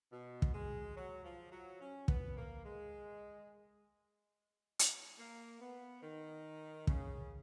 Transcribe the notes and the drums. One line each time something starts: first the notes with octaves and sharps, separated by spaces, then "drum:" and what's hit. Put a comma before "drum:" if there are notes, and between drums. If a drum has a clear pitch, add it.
B2
drum: kick
G#3
F#3
F3
F#3
C#4
B3, drum: kick
A#3
G#3
drum: hi-hat
A#3
B3
D#3
C#3, drum: kick